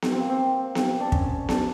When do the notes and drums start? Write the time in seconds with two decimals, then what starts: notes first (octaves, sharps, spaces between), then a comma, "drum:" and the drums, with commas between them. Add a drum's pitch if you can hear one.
0.02 drum: snare B3
0.12 C4
0.20 A#3
0.29 C4
0.75 drum: snare B3
1.00 D4
1.12 C#4, drum: kick
1.49 D4, drum: snare B3